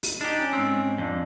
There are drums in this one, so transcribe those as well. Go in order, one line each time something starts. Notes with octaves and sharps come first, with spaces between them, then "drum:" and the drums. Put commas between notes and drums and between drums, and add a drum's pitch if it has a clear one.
drum: open hi-hat
D4 D#4 G4
C#4
G#2 C4
F2 D4